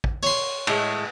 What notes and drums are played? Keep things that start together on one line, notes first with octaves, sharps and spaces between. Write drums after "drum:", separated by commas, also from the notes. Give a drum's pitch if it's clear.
drum: kick
C#5 C6, drum: open hi-hat
A2 G#3, drum: cymbal